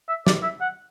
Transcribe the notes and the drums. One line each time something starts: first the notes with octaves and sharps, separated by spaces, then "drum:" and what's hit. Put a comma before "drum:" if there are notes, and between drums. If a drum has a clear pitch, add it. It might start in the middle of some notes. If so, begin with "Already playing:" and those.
E5
D5, drum: snare
E5
F#5